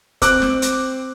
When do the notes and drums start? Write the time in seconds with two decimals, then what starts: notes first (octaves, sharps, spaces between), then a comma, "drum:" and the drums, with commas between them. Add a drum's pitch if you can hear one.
0.22 C4 D6 F#6, drum: kick, hi-hat
0.42 drum: snare
0.62 drum: hi-hat